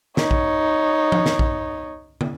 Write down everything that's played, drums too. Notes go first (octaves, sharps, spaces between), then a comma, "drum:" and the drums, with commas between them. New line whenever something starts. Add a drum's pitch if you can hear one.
D#4 C#5, drum: snare
drum: kick A#1
drum: tom F3
drum: snare
drum: kick A#1
drum: tom